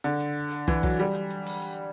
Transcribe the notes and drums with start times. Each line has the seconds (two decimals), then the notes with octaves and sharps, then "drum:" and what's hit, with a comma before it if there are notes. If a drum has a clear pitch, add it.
0.04 D3, drum: hi-hat
0.20 drum: hi-hat
0.52 drum: hi-hat
0.68 E3, drum: kick, hi-hat
0.83 F#3, drum: kick, hi-hat
1.00 G3
1.15 drum: hi-hat
1.31 drum: hi-hat
1.46 drum: open hi-hat
1.62 drum: hi-hat